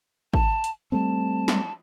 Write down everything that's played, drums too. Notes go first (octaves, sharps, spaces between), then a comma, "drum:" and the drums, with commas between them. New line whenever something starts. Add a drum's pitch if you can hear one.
A5, drum: kick
drum: hi-hat
G3 A3 C4 A5
drum: snare